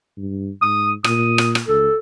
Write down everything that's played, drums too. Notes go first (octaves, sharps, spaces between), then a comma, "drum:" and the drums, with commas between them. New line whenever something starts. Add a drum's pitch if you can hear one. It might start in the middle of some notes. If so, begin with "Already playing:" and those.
G2
G#2 D#6
A#2 D#6, drum: rim click
drum: rim click
drum: rim click
C#2 A4